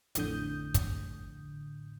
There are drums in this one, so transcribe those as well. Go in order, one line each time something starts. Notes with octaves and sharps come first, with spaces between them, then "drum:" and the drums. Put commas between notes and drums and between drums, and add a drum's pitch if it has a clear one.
A1 F2 A2 D3 D#6 G6, drum: hi-hat
drum: kick, hi-hat